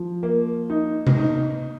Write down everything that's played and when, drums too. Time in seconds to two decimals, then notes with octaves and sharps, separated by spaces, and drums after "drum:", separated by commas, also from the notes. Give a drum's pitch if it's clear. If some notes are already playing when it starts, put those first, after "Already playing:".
Already playing: F3
0.23 A#3
0.70 D#4
1.07 drum: tom C3
1.17 D#4